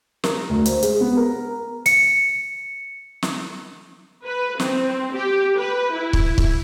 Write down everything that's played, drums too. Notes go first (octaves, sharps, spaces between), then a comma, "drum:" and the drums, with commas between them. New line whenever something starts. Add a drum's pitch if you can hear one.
A#4, drum: snare
D2
C5, drum: hi-hat
G#3, drum: hi-hat
B3
A#4
C#7, drum: hi-hat
drum: snare
B4
C4, drum: snare
G4
B4
E4
drum: kick
drum: kick